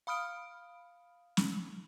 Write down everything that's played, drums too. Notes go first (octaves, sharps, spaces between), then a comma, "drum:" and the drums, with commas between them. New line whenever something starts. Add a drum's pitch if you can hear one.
F5 B5 D#6 F6 D7
drum: snare